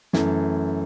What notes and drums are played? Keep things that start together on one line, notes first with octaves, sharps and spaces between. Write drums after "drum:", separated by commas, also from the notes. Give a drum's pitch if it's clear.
F#2 E3 A3, drum: snare